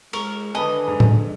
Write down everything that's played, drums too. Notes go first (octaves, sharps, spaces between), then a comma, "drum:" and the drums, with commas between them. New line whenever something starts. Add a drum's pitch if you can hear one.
G#3 A#4 C#6, drum: cymbal
D3 B4 D#5 G#5 A5 B5
G#2
drum: tom